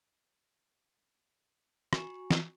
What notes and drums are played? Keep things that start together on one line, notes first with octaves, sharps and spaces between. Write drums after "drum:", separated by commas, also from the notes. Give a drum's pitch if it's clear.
F#4 G#5 C#6, drum: rim click
drum: snare E3